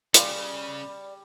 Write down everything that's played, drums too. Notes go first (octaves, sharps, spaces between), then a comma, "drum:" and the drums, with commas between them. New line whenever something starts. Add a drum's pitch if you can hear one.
C#3 G3 F4 D5, drum: hi-hat